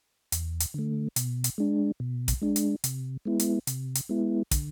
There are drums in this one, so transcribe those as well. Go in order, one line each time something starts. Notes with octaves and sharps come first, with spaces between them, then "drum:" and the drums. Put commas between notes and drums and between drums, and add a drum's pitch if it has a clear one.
E2, drum: hi-hat
drum: hi-hat
D3 A3
B2, drum: hi-hat
drum: hi-hat
G#3 D4
B2
drum: kick, hi-hat
G#3 D4
drum: hi-hat
C3, drum: hi-hat
G#3 B3 E4
drum: hi-hat
C3, drum: hi-hat
drum: hi-hat
G#3 B3 E4
D3, drum: kick, hi-hat